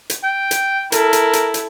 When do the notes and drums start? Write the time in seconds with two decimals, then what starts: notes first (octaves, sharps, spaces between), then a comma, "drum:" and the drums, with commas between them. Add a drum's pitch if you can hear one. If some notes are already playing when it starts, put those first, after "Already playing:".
0.10 drum: hi-hat
0.24 G5
0.51 drum: hi-hat
0.92 E4 A4 A#4, drum: hi-hat
1.13 drum: hi-hat
1.33 drum: hi-hat
1.54 drum: hi-hat